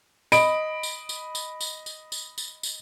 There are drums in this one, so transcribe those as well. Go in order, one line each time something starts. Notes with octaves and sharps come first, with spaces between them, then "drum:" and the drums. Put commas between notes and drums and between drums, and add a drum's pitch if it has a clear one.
D#5 B5 D7, drum: tambourine
drum: tambourine
drum: tambourine
drum: tambourine
drum: tambourine
drum: tambourine
drum: tambourine
drum: tambourine
drum: tambourine